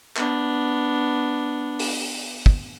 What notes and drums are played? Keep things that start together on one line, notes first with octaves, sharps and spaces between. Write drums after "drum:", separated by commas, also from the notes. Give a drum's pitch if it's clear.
B3 D4, drum: clap
drum: open hi-hat
drum: kick